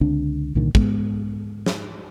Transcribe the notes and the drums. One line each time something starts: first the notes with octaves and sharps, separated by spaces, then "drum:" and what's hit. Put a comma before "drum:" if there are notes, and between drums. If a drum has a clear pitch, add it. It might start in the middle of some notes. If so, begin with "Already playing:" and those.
C#2 D3 C4 D4
C2 A#2 D3 D#3
G#2 G#3 B3, drum: kick
drum: snare